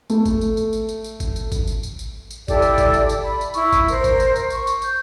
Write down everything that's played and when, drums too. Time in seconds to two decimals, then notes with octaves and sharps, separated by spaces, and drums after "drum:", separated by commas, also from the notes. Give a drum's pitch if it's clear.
0.10 A3, drum: tambourine
0.25 drum: kick, tambourine
0.41 drum: tambourine
0.57 drum: tambourine
0.73 drum: tambourine
0.89 drum: tambourine
1.04 drum: tambourine
1.20 drum: kick, tambourine
1.36 drum: tambourine
1.52 drum: kick, tambourine
1.67 drum: tambourine
1.83 drum: tambourine
1.99 drum: tambourine
2.31 drum: tambourine
2.48 E4 G4 A4 D5, drum: kick, tambourine
2.62 drum: tambourine
2.78 drum: kick, tambourine
2.94 drum: tambourine
3.09 drum: tambourine
3.22 B5
3.41 drum: tambourine
3.54 E4 C#6, drum: tambourine
3.72 drum: kick, tambourine
3.88 A#4 C5, drum: tambourine
4.04 drum: kick, tambourine
4.20 drum: tambourine
4.36 drum: tambourine
4.50 C#6, drum: tambourine
4.67 drum: tambourine
4.82 G6, drum: tambourine